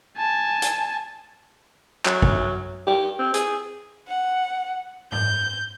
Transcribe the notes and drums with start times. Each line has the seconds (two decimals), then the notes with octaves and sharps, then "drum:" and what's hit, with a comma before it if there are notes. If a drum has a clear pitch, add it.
0.17 G#5 A5
0.62 drum: hi-hat
2.05 F#3, drum: clap
2.22 drum: kick
2.87 G4
3.19 C4
3.34 G#4, drum: hi-hat
4.08 F#5
5.12 G6, drum: tom G#2